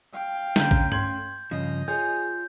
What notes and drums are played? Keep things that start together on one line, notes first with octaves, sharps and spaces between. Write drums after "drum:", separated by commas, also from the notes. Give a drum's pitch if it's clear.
F5 G5
D3 A3 C#4 A#5 G6, drum: snare
drum: kick A#1
C6 G#6 F#7, drum: tom G2
G2 C#3 F3 C#4 D#5
F4 G#4 C#5 G#5 G6